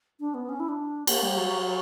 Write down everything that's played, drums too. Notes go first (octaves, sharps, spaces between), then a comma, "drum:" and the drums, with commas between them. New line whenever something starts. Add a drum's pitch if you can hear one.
D4
B3
C#4
E4
D4
A#3, drum: cymbal
G3
F#3